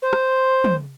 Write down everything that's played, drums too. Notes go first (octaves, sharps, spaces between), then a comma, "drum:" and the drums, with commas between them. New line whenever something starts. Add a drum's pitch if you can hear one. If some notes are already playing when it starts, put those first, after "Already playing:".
C5
drum: rim click
drum: tom